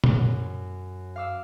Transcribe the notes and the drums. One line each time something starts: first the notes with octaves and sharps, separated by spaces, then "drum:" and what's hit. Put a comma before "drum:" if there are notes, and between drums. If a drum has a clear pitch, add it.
F#2, drum: tom A#2
F5 D6 E6